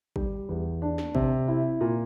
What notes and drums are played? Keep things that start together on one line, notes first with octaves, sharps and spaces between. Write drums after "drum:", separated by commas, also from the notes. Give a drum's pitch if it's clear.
G3, drum: kick
E2
D4
drum: snare
C3, drum: kick
E4
A#2